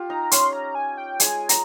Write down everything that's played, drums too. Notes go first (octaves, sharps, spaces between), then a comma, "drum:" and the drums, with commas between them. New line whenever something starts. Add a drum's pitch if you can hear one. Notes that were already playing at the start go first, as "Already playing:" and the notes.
Already playing: F4 G4
D#4 A#5
C#4 C6, drum: hi-hat
A#5
G#5
G5
G#3 G#5, drum: hi-hat
A#5, drum: hi-hat